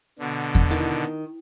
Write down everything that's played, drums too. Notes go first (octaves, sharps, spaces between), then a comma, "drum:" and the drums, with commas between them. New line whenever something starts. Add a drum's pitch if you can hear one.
B2 D3
drum: kick E2
D#3